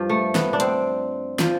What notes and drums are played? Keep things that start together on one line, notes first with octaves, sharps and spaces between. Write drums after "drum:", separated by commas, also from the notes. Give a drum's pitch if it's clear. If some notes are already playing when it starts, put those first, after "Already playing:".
Already playing: G2 F3
A3
B3, drum: snare
D4
C4, drum: hi-hat
F3, drum: snare